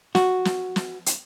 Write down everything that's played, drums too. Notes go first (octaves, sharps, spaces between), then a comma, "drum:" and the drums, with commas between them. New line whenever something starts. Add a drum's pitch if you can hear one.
F#4, drum: snare
drum: snare
drum: snare
drum: hi-hat